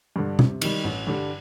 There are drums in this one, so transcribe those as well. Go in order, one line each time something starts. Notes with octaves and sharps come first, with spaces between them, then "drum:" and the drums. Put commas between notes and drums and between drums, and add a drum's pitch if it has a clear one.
G2 D3
C3, drum: tom B2
D#3 G3, drum: cymbal
A1
G2 D3 G3